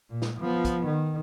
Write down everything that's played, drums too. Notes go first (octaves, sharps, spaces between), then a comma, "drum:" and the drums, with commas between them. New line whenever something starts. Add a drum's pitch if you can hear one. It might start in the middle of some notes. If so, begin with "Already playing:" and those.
A#2
drum: snare
F3 B3
drum: kick, hi-hat
D#3